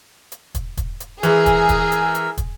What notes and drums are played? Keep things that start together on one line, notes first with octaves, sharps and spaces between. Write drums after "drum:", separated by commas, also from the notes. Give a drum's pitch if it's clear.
drum: hi-hat
drum: kick, hi-hat
drum: kick, hi-hat
drum: hi-hat
E3 G#3 G#4 A#4 E6, drum: hi-hat
drum: kick, hi-hat
drum: kick, hi-hat
drum: hi-hat
drum: hi-hat
drum: kick, hi-hat